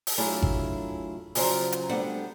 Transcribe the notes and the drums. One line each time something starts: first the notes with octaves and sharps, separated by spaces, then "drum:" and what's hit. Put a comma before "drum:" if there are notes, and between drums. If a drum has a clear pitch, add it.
drum: open hi-hat
F#3 A3 D4 E4 F4 G#4
drum: kick G#1
C#3 F3 F#3 C5 D5 A#5, drum: open hi-hat
drum: hi-hat
G3 A3 B3 D4 C5 F#5